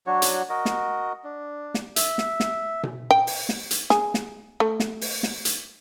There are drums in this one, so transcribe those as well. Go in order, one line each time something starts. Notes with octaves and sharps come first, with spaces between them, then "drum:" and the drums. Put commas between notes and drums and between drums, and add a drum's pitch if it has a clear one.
F#3 D4 F#4 C#5
drum: hi-hat
F#4 A#4 D#5
drum: snare
D4
drum: snare
E5, drum: hi-hat
drum: snare
drum: snare
drum: tom B2
G5
drum: open hi-hat
drum: snare
drum: hi-hat
G#4, drum: snare
drum: snare
A3
drum: snare
drum: open hi-hat
drum: snare
drum: hi-hat